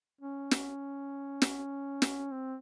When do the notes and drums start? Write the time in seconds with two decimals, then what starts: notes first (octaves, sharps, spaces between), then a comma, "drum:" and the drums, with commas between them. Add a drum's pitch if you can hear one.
0.21 C#4
0.51 drum: snare
1.42 drum: snare
2.02 drum: snare
2.32 C4